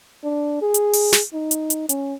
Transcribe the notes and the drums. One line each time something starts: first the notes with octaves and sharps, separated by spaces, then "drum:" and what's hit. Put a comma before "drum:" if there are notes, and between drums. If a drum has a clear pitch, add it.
D4
G#4
drum: hi-hat
drum: open hi-hat
drum: snare
D#4
drum: hi-hat
drum: hi-hat
C#4, drum: hi-hat